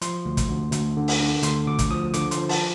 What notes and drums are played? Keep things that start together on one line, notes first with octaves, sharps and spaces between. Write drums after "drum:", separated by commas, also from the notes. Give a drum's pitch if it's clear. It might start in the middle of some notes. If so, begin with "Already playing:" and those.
F3 C6, drum: hi-hat
D2
drum: kick, hi-hat
D2
D2, drum: hi-hat
D3
drum: open hi-hat
D3
D2 C6, drum: hi-hat
D2 D6
drum: kick, hi-hat
F3 D#6
D3 D6, drum: hi-hat
C6, drum: hi-hat
F3
A5, drum: open hi-hat